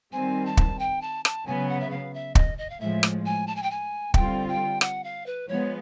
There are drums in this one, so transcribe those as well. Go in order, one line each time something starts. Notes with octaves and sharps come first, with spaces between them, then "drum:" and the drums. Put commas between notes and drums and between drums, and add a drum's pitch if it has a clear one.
D#3 G3 C4 G#5
A5
drum: kick
G5
A5
A5, drum: rim click
C#3 F#3 B3 G#5
F#5
E5
F5
E5
D#5, drum: kick
D#5
F5
A2 F3 G#3 E5
drum: rim click
G#5
A5
G#5
G5
G#5
D3 G3 C4 F4 G5, drum: kick
G5
F#5, drum: rim click
F5
B4
F3 G#3 B3 C#5